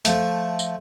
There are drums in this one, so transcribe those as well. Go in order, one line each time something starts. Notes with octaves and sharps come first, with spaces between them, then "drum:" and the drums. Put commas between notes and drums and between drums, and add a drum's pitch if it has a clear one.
F3 A3, drum: hi-hat
drum: tambourine